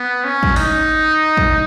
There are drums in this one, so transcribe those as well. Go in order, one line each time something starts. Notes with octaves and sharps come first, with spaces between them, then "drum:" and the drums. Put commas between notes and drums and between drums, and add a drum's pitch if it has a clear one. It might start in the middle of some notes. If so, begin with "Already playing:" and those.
Already playing: B3
C#4
drum: kick
D#4, drum: open hi-hat
drum: kick